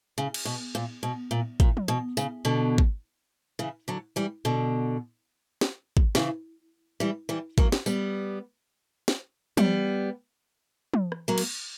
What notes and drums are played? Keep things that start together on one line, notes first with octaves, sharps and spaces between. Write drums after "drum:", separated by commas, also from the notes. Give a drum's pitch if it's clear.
C#3
drum: cymbal
B2
A#2
B2
A#2
A#2, drum: kick
drum: tom
B2
C#3, drum: tambourine
B2 D3
drum: kick
C#3 E3
D3 F#3
E3 G3
B2 D3
drum: snare
drum: kick
C#3 E3, drum: snare
E3 G3
E3 G3
F#3 A#3, drum: kick
drum: snare
G3 B3, drum: tambourine
drum: snare
G3 B3, drum: tom
drum: tom
drum: rim click
F#3 A#3
drum: cymbal